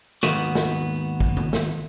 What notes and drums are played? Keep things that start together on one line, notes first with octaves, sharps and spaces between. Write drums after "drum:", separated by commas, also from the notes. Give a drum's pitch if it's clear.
D#2 G#2 D#3 B3 F#4, drum: snare
drum: snare
drum: kick
drum: tom C3
drum: snare